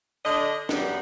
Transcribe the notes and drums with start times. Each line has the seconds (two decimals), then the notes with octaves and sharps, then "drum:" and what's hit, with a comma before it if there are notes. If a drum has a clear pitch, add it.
0.24 D3 D4 D#5
0.69 F#2 G3 B3, drum: snare